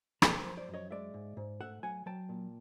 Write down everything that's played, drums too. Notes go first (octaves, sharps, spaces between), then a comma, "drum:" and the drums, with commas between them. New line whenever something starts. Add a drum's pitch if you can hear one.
F#2 A4 B4, drum: rim click
A#4 C5
F3
C5 D5
F#2
C#5 D#5
G#3 D5 E5
G#2
G#2
A3 E5 F#5
F#3 F#5 G#5
F#3 G5 A5
A#2